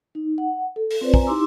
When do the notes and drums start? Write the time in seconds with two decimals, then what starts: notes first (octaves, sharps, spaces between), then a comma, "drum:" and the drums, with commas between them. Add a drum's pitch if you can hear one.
0.15 D#4
0.38 F#5
0.76 A4
0.91 drum: open hi-hat
1.01 C4 F4 B4 C5 D5
1.14 G#5 A#5, drum: kick
1.27 D#4 E4 G4 C6 D6 E6